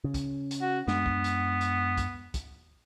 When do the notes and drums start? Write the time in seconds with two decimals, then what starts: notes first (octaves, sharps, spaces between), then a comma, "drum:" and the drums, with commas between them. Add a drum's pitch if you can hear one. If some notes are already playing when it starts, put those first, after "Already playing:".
0.04 C#3
0.14 drum: kick, hi-hat
0.51 drum: hi-hat
0.61 F#4
0.88 F#2 G#3 B3 D4, drum: snare
1.06 drum: kick
1.24 drum: hi-hat
1.61 drum: hi-hat
1.97 drum: kick, hi-hat
2.34 drum: kick, hi-hat